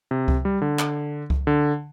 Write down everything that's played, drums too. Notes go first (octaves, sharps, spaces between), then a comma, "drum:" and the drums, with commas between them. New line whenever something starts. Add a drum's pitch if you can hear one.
C3
drum: kick C#2
G3
D3
drum: clap
drum: kick C#2
D3